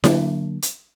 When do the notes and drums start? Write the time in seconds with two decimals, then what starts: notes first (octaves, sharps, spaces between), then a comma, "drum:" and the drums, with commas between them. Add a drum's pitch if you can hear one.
0.04 D3 F#3 A#3 D4, drum: snare E4
0.62 drum: hi-hat